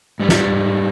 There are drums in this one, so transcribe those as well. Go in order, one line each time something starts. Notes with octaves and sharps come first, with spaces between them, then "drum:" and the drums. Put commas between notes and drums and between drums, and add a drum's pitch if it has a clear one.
G#2 G3
drum: snare